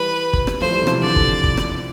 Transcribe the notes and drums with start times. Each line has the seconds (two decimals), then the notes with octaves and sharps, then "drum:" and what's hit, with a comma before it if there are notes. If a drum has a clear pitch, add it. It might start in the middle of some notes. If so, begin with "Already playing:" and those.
Already playing: E3 G3 B4
0.33 drum: kick
0.47 drum: rim click
0.61 F3 A3 C5
0.71 E3 G3
0.82 C3 E3
0.87 F3, drum: rim click
0.92 C3 E3
1.02 D3 F3 D5
1.16 drum: kick
1.44 drum: kick
1.57 drum: rim click